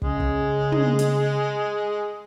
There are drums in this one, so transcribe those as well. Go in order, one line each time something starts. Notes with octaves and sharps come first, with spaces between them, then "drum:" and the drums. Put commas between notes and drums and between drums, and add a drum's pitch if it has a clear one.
C#3 G#3 G#4, drum: kick
drum: kick
drum: tom
drum: hi-hat